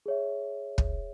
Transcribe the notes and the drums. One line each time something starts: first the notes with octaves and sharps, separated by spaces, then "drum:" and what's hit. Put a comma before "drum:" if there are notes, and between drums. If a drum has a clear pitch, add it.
G#4 C#5 E5
drum: kick